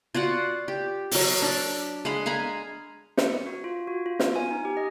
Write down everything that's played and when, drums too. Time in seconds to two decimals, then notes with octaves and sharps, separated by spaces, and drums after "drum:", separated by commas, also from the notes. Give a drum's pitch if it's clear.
0.15 F4 F#4 D5 F#5
0.68 G4
1.11 F#3 D#5 D6, drum: open hi-hat
1.42 D4 D5 A5
2.05 G#3 F5 F#5 B5
2.26 F5 G#5 A#5 B5
3.17 C#7, drum: snare
3.47 F#4
3.64 F4
3.87 F#4
4.06 F4
4.19 B3, drum: snare
4.36 G#5
4.51 D#4
4.65 G4
4.77 D#5